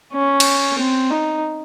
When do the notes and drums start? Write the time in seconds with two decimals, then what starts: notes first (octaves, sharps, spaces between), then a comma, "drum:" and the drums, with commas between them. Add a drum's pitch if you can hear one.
0.13 C#4
0.40 drum: cymbal
0.78 C4
1.10 D#4